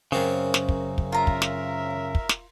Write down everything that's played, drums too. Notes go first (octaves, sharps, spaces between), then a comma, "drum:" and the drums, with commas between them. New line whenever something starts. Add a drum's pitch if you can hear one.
F#2 C#3 A#3 C4 F#4
drum: snare
drum: kick
drum: kick
F4 A#4 E5 A#5
drum: kick
drum: snare
drum: kick
drum: snare